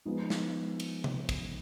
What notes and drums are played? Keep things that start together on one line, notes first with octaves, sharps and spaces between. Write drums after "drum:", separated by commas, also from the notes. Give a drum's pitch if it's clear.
F3 G#3 B3 D#4
drum: snare
drum: cymbal
drum: tom C3
drum: kick, cymbal